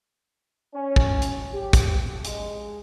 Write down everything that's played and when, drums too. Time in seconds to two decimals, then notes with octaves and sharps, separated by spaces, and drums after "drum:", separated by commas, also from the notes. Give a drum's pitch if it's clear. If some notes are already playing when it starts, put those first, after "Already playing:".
0.74 C#4
0.96 drum: kick
1.22 drum: hi-hat
1.54 G4
1.73 drum: kick, hi-hat
2.25 G#3, drum: hi-hat